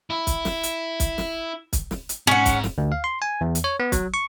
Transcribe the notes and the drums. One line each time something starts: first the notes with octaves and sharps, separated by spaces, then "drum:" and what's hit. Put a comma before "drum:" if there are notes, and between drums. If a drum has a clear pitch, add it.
E4
drum: kick, hi-hat
drum: snare
drum: hi-hat
drum: kick, hi-hat
drum: snare
drum: kick, hi-hat
drum: snare
drum: hi-hat
G#2 C#4 F#5
drum: kick, hi-hat
drum: snare
D2
F5
C6
G#5
E2
drum: hi-hat
C#5
B3
F#3, drum: kick, hi-hat
C#6